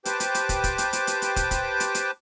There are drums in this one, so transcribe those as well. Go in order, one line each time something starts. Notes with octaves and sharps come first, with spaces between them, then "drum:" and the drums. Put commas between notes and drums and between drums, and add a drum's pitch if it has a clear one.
G4 B4 C5 G5 A5 D6, drum: hi-hat
drum: hi-hat
drum: hi-hat
drum: kick, hi-hat
drum: kick, hi-hat
drum: hi-hat
drum: hi-hat
drum: hi-hat
drum: hi-hat
drum: kick, hi-hat
drum: kick, hi-hat
drum: hi-hat
drum: hi-hat